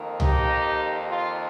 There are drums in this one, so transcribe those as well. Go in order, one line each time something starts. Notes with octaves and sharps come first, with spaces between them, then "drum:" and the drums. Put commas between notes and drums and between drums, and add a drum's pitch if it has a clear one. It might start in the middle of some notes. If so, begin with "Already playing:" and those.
Already playing: F2 D#3 A#3
D#4 G4, drum: tom
F4